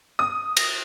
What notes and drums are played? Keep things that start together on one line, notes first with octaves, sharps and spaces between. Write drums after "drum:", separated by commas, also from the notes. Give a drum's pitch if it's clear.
D#6
drum: cymbal